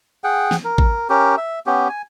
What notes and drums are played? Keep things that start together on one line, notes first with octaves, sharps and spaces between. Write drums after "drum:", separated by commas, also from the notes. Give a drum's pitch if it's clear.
G#4 F#5 G5
drum: snare
A#4
drum: kick A1
C#4 G4 A#4
E5
B3 C#4 G4
G#5